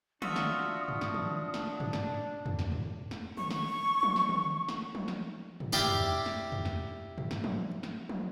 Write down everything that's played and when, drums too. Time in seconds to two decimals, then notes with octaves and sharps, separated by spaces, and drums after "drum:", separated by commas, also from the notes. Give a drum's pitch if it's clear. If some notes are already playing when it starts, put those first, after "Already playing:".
0.22 D4 F4 F#4 E5 D#6, drum: tom
0.36 drum: snare
0.88 drum: tom
1.01 drum: snare
1.14 drum: tom
1.54 drum: snare
1.80 drum: tom
1.93 drum: snare
2.46 drum: tom
2.59 drum: snare
2.72 drum: tom
3.11 drum: snare
3.37 C#6, drum: tom
3.51 drum: snare
4.03 drum: tom
4.16 drum: snare
4.29 drum: tom
4.69 drum: snare
4.95 drum: tom
5.08 drum: snare
5.60 drum: tom
5.73 E4 G4 D5 F5, drum: snare
5.87 drum: tom
6.26 drum: snare
6.52 drum: tom
6.65 drum: snare
7.18 drum: tom
7.31 drum: snare
7.44 drum: tom
7.83 drum: snare
8.09 drum: tom